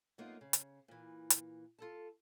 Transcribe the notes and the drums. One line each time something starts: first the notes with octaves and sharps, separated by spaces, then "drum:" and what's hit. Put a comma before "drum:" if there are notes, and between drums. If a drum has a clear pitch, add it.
F#2 A#3 B3 D#4 F4
C#3
drum: hi-hat
A#2 E3
drum: hi-hat
F4 A4 A5